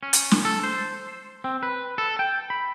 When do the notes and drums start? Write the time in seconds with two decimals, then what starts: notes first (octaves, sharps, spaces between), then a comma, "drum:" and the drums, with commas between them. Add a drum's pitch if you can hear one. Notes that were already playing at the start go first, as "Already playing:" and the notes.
0.03 C#4
0.13 drum: hi-hat
0.31 drum: snare
0.45 A4
0.63 C5
1.44 C4
1.63 B4
1.98 A4
2.19 G5
2.50 B5